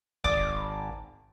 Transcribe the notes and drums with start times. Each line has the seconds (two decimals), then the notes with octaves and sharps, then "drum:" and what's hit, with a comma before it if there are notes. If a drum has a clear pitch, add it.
0.24 G#1 D5 D6 D#6, drum: kick